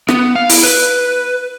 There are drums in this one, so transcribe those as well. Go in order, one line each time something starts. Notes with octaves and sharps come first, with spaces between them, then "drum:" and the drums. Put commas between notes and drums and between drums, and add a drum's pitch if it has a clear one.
B3, drum: rim click
F5
E4, drum: open hi-hat
B4